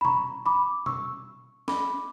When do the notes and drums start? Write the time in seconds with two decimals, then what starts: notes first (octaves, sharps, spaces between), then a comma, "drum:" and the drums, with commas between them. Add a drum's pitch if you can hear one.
0.01 B5
0.05 A#5 C#6, drum: tom B2
0.46 B5 D6
0.86 C#6 E6, drum: tom B2
1.68 B5 D6, drum: snare